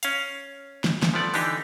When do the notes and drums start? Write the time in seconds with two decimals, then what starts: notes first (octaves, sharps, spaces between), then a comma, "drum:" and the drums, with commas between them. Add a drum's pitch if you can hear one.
0.03 C#4 F5, drum: hi-hat
0.84 drum: snare
1.03 drum: snare
1.14 F3 A3 B3 D5 F#5
1.34 D3 E3 D4 D#4 G4, drum: open hi-hat